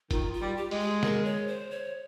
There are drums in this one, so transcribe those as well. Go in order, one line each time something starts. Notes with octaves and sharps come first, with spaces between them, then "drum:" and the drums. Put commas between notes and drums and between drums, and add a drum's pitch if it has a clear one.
D#3 F4, drum: kick F1, hi-hat
F4
G3
G4
G#3, drum: open hi-hat
G#4
A#4, drum: snare
C#5
C5
C#5